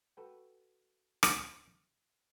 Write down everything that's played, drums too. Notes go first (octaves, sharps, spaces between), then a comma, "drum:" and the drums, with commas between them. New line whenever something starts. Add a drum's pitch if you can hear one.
F#4 A4 B4 G5
drum: rim click